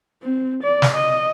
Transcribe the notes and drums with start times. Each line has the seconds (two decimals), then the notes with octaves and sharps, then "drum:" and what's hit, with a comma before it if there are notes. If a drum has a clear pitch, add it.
0.23 C4
0.63 D5
0.82 drum: snare
0.95 D#5